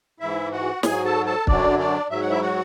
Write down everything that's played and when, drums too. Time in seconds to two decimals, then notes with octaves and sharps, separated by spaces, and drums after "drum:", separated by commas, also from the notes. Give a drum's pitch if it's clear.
0.20 G#2 E3 E4 E5
0.52 F#4 F#5
0.83 G#2 F#3 G#4 G#5, drum: snare
1.04 A4 A5
1.26 A4 A5
1.47 F#2 D3 F#3 D4 D5, drum: kick
1.79 D4 D5
2.10 G#2 F#3 E5
2.21 F#5
2.30 E4 E5
2.42 F#4 F#5